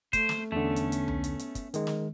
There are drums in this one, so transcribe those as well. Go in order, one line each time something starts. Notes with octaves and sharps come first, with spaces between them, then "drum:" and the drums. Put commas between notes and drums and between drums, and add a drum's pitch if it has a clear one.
A3 C5, drum: kick, hi-hat
drum: snare
E2 D3 A3 B3 C#4
drum: hi-hat
drum: hi-hat
drum: tom C2
drum: hi-hat
drum: hi-hat
drum: kick, hi-hat
D#3 G#3, drum: hi-hat
drum: snare